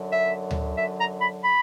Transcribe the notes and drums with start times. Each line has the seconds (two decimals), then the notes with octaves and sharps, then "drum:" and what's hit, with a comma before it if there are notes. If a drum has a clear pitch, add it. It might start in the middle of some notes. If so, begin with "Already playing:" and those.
Already playing: F#2 D3 F#3
0.11 E5
0.51 drum: tom D2
0.76 E5
0.99 A#5
1.21 B5
1.43 B5